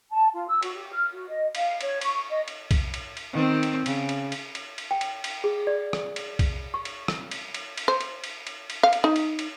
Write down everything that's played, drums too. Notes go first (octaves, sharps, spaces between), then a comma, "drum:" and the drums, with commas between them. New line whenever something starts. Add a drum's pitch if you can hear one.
A5
F4
E6
F#4, drum: cymbal
G4
F6
F#4
D#5
F5, drum: cymbal
C#5, drum: cymbal
C#6, drum: cymbal
D#5
drum: cymbal
drum: kick B1, cymbal
drum: cymbal
drum: cymbal
D#3 C4
drum: cymbal
C#3, drum: cymbal
drum: cymbal
drum: cymbal
drum: cymbal
drum: cymbal
G5
drum: cymbal
drum: cymbal
G#4
D5
drum: rim click
drum: cymbal
drum: kick B1, cymbal
C#6
drum: cymbal
drum: rim click
drum: cymbal
drum: cymbal
drum: cymbal
C5
drum: cymbal
drum: cymbal
drum: cymbal
drum: cymbal
F5
drum: cymbal
D#4
drum: cymbal
drum: cymbal